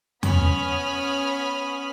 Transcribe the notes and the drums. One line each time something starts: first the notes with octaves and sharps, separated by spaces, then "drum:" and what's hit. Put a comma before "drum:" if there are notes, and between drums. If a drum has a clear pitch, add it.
B3 C#4 B5 D#6 F6, drum: tom E2